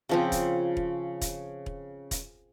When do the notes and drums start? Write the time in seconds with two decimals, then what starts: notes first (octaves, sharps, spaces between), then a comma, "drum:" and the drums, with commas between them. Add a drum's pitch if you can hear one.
0.09 C#3 F3 C4
0.32 drum: kick E1, hi-hat
0.77 drum: kick E1
1.21 drum: kick E1, hi-hat
1.66 drum: kick E1
2.11 drum: kick E1, hi-hat